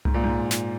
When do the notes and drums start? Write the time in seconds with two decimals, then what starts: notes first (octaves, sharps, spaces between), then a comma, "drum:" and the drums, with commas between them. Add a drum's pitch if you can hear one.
0.05 G#2, drum: tom C2
0.14 A#2
0.24 G#2
0.51 drum: snare